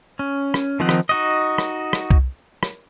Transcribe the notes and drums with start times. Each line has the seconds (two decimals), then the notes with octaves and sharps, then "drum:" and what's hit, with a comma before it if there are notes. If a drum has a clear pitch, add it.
0.19 C#4
0.54 drum: rim click
0.80 D#3 F3 C4 D#4 F#5
0.89 drum: rim click
1.09 D#4 F#4 D#5
1.58 drum: rim click
1.93 drum: rim click
2.11 drum: kick
2.63 drum: rim click